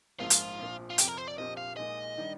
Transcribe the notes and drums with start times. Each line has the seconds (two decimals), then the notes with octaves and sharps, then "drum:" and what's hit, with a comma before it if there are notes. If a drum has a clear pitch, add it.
0.20 A#1 G#2 F3 A#3 F4
0.30 drum: hi-hat
0.59 A#1 A#2 F3
0.90 F4
0.98 F2 C3 F3 G4, drum: hi-hat
1.08 A#4
1.17 C5
1.28 D5
1.38 A#1 A#2 F3 C4 G4 D#5
1.57 F5
1.77 A#2 G#3 D#4 G#4 D#5
2.18 D#3 G3 D4